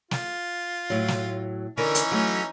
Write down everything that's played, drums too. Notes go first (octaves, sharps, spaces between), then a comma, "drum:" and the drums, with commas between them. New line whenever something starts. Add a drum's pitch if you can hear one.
F4, drum: snare
A2 F#3
drum: snare
D3 E3 C#4 D#4 A#4 D5
drum: hi-hat
F#3 A3